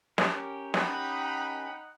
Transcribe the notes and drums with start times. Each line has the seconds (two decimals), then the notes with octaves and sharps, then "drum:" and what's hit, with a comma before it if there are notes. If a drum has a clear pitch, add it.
0.18 C#4 G4 A#4, drum: snare
0.74 D#4 F#5 G5 B5, drum: snare